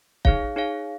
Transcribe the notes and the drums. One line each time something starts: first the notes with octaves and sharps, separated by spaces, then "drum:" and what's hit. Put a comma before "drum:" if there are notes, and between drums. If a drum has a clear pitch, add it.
D#4 G#4 C#5 F5, drum: kick
D#4 G#4 C#5 F5